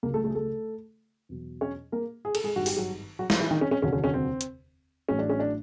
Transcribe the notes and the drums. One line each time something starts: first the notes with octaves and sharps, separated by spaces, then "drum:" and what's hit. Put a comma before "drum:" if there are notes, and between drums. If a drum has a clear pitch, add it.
C#2 C#3 F#3 A#3 A#4
A3 A4
A3 A4
G#4
A3 A4
E2 B2 F#3
C#4 C#5
A#3 A#4
G#4
A4, drum: cymbal
G#3 G#4
G#1 G2 D#3 G#3 F#4
G4, drum: open hi-hat
F#3 F#4
F#3 F#4
F3 F4, drum: snare
E3 E4
D#3 D#4
C#4
C#4
F1 D#2 D3 F#3 C#4
C#4
C#4
C4
drum: hi-hat
A1 A2 F#3 C#4
D4
C#4
D4